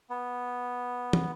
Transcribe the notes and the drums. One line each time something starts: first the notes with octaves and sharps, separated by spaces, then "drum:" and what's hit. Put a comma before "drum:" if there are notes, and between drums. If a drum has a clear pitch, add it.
B3
drum: tom